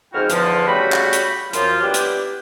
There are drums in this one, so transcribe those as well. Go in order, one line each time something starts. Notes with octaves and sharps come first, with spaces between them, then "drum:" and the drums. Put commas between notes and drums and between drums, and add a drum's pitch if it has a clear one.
F2 G#2 E4 F#4 G5 F6
E2 D3 F3, drum: hi-hat
C#3 G3 A3 F#4 G5 B5
drum: clap
drum: hi-hat
F#2 F3 F4, drum: hi-hat
G3 B3 D4 E4 G4
drum: hi-hat